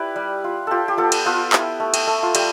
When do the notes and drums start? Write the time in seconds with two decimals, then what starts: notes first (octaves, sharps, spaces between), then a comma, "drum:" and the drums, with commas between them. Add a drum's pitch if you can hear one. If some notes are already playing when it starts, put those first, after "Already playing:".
Already playing: E4 G4 B4 D5
0.16 G3
0.44 F4
0.67 F4 G4 A4
0.88 G4
0.98 B3 F4 A4
1.12 drum: cymbal
1.26 B3 F4 A4
1.53 E4 G4, drum: clap
1.80 A3
1.94 G4, drum: cymbal
2.07 A3
2.23 F4
2.35 G3 G4, drum: cymbal